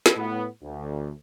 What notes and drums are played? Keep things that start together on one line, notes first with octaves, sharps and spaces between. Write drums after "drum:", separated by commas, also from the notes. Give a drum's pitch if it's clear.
drum: snare
A2 B3
D2